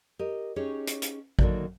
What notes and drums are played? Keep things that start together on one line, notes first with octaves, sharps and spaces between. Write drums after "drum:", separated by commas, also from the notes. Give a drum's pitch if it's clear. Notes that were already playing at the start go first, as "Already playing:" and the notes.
G4 A#4 D#5
C#4 D#4 G4 G#4 C#5
drum: hi-hat
drum: hi-hat
D3 D#3 F3 F#3 A#3 D4, drum: kick A1